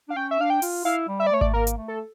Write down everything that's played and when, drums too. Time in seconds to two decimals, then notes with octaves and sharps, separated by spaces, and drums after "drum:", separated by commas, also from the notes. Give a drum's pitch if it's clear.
0.09 D4 F5
0.15 C#4 G5
0.31 E5
0.39 D4 F5
0.50 G5
0.62 F4, drum: open hi-hat
0.85 E4 F5
1.08 G3
1.20 E5
1.27 D5
1.31 A3 C#5
1.41 D5, drum: kick G#1
1.54 A#3 A#4
1.67 drum: hi-hat
1.77 A3
1.88 A4